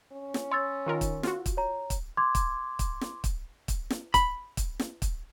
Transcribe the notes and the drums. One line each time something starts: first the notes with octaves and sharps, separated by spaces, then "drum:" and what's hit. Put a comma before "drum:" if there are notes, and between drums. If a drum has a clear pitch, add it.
C#4
drum: snare
C#5 C6 E6 A6
D#3 F4 A#4
drum: kick, hi-hat
F4 F#4, drum: snare
drum: kick, hi-hat
C#5 A#5
drum: kick, hi-hat
C6 D6 G#6
drum: kick, hi-hat
drum: kick, hi-hat
drum: snare
drum: kick, hi-hat
drum: kick, hi-hat
drum: snare
B5, drum: kick, hi-hat
drum: kick, hi-hat
drum: snare
drum: kick, hi-hat